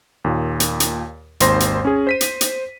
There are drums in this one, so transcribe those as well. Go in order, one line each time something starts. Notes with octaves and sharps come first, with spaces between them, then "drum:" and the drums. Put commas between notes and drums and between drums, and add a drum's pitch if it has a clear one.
D#2 A#2
drum: hi-hat
drum: hi-hat
G#1 D#2 C5 C6 A#6, drum: hi-hat
drum: hi-hat
C#4 G#4
C5 B6 D#7
drum: hi-hat
drum: hi-hat